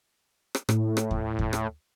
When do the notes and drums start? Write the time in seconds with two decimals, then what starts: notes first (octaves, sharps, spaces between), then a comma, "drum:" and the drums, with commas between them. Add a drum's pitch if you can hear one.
0.55 drum: rim click
0.69 A2, drum: rim click
0.97 drum: rim click
1.11 drum: kick D#2
1.39 drum: kick D#2
1.53 drum: rim click